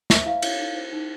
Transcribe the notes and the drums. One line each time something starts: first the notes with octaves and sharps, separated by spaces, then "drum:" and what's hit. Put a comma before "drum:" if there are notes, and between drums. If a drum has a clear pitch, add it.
C5 E5, drum: snare
E4 F5
C#5, drum: cymbal
D#4
C5
D#4